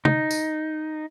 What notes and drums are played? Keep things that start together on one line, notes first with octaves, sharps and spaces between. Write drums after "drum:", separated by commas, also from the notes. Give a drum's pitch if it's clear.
D#4, drum: tom
drum: tambourine